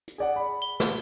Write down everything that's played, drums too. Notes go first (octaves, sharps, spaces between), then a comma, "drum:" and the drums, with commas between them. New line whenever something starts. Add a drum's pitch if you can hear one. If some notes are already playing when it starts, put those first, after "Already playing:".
drum: hi-hat
G#4 D5 F#5
B5
G7
drum: snare